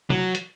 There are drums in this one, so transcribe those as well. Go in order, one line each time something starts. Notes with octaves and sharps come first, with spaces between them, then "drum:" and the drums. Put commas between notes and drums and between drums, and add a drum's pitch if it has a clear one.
F#3, drum: tom C3
drum: hi-hat